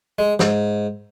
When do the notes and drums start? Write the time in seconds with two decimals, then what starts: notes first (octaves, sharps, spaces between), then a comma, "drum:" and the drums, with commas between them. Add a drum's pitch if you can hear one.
0.19 G#3
0.39 G#2, drum: snare